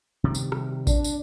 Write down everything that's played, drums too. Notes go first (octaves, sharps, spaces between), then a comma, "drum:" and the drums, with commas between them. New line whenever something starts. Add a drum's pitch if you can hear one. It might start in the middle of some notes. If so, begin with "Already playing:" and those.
C3 D#3 G3
drum: tambourine
drum: rim click
D4, drum: kick A1, tambourine
drum: tambourine